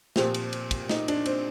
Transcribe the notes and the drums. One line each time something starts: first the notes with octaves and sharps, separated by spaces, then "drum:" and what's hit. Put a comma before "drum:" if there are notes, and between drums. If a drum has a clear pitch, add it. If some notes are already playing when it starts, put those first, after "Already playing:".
A#2 F3 C4 G4, drum: snare
drum: cymbal
drum: cymbal
drum: kick, cymbal
D#4, drum: snare
D4, drum: cymbal
C4, drum: cymbal